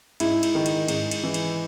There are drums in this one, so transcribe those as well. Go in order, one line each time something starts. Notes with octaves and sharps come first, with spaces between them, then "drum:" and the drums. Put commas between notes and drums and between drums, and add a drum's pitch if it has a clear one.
G#2 E4, drum: cymbal
drum: cymbal
D#3
drum: cymbal
G#2, drum: cymbal
drum: cymbal
E3
drum: cymbal